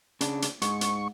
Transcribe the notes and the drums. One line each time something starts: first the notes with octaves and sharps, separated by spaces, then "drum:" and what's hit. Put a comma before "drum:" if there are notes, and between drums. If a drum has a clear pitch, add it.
C#3 D4, drum: hi-hat
drum: hi-hat
G#2 C#6, drum: hi-hat
drum: hi-hat